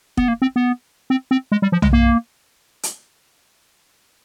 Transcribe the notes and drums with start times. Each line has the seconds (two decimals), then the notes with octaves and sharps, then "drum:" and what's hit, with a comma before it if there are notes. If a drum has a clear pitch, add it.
0.17 B3, drum: kick F1
0.28 A#3
0.42 C4
0.56 B3
1.10 C4
1.31 C4
1.52 G#3
1.62 G3
1.72 F3
1.82 G#3, drum: tom
1.93 A#3
2.83 drum: hi-hat